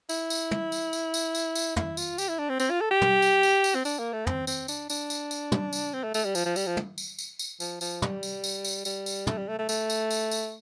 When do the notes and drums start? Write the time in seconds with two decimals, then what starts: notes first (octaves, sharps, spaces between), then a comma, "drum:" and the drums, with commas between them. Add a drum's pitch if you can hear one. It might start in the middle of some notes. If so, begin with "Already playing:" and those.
0.09 E4, drum: tambourine
0.30 drum: tambourine
0.51 drum: tom
0.72 drum: tambourine
0.93 drum: tambourine
1.14 drum: tambourine
1.35 drum: tambourine
1.55 drum: tambourine
1.76 E4, drum: tom
1.97 F4, drum: tambourine
2.18 G4, drum: tambourine
2.29 E4
2.39 D4
2.49 C4
2.60 C4, drum: tambourine
2.70 F4
2.81 A4
2.91 G4
3.01 drum: tom
3.22 drum: tambourine
3.43 drum: tambourine
3.64 drum: tambourine
3.75 C4
3.85 D4, drum: tambourine
3.99 A#3
4.13 A3
4.27 C4, drum: tom
4.47 C4, drum: tambourine
4.68 D4, drum: tambourine
4.90 D4, drum: tambourine
5.10 drum: tambourine
5.31 drum: tambourine
5.52 drum: tom
5.73 drum: tambourine
5.93 C4
6.03 A3
6.14 A3, drum: tambourine
6.25 G3
6.35 F3, drum: tambourine
6.46 F3
6.56 G3, drum: tambourine
6.67 F3
6.77 drum: tom
6.98 drum: tambourine
7.19 drum: tambourine
7.39 drum: tambourine
7.60 F3, drum: tambourine
7.81 F3, drum: tambourine
8.02 G3, drum: tom
8.23 drum: tambourine
8.44 drum: tambourine
8.65 drum: tambourine
8.85 G3, drum: tambourine
9.06 drum: tambourine
9.27 A3, drum: tom
9.38 G3
9.48 A3
9.58 A3
9.69 A3, drum: tambourine
9.90 drum: tambourine
10.11 drum: tambourine
10.31 drum: tambourine